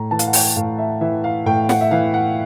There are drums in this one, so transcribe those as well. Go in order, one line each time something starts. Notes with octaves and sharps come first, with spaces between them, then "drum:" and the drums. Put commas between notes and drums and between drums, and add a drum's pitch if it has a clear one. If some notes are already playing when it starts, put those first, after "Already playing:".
Already playing: A2 A#5
E3 A5
F5, drum: hi-hat
F#5
G5, drum: open hi-hat
A2 F5
E5
E3 E5
F5
A2 G5
F#5, drum: snare
E5
E3 F5
F#5